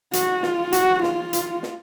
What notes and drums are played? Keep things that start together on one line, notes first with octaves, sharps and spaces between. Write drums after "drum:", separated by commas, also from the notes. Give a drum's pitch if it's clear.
F#4, drum: hi-hat
F4, drum: snare
F#4, drum: hi-hat
F4, drum: snare
drum: hi-hat
drum: snare